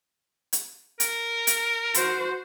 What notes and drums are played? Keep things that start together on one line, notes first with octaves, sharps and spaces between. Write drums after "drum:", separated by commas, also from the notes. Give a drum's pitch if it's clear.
drum: hi-hat
A#4, drum: hi-hat
drum: hi-hat
F#4 C5, drum: hi-hat